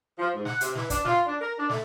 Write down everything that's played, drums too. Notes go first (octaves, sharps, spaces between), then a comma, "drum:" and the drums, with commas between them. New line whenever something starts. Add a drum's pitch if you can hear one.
F3
G#2
F#5, drum: snare
C3, drum: hi-hat
E3, drum: snare
D4, drum: kick, hi-hat
F4, drum: snare
D4
A#4
D4
A3, drum: snare